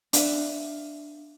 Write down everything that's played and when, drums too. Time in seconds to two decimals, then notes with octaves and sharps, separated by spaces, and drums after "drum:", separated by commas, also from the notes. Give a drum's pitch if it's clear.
0.13 D4 E5 F5, drum: hi-hat